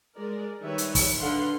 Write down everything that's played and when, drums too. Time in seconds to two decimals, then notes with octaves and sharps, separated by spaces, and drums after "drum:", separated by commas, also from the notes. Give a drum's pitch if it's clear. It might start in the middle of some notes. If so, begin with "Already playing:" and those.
0.18 G#3 A#4 D5
0.61 D#3 G3 B4 C#5 E5
0.78 drum: hi-hat
0.95 drum: kick, open hi-hat
1.18 D3 A4 B4 F5 F#5 C6